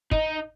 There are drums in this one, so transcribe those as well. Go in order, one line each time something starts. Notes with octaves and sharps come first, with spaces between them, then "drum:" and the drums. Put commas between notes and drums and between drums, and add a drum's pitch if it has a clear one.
D#4, drum: kick